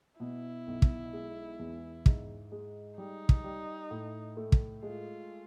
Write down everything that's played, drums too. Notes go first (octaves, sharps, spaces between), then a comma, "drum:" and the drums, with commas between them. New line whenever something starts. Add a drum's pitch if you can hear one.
B2 E4
B1
drum: kick
G#3
E2
G#2, drum: kick
G#3
G3 D#4
drum: kick
G3
A2
A3
drum: kick
G#3 F4